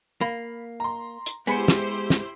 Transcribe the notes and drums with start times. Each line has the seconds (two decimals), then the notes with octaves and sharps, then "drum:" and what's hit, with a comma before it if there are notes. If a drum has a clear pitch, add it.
0.21 A#3 B5
0.80 A#5 C6
1.26 drum: hi-hat
1.47 G#3 B3 E4 G4 C5 G#5 B5 C#7
1.68 drum: snare
2.10 drum: snare